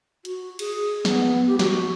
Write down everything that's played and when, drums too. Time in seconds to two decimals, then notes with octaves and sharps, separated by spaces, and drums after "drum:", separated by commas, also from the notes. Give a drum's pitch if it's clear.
0.25 F#4, drum: hi-hat
0.59 G#4, drum: cymbal
1.05 B3, drum: snare
1.47 G4
1.59 F#4, drum: snare